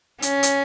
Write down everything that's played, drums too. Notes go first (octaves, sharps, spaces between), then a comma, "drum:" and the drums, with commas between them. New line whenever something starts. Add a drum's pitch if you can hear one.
C#4, drum: hi-hat
drum: hi-hat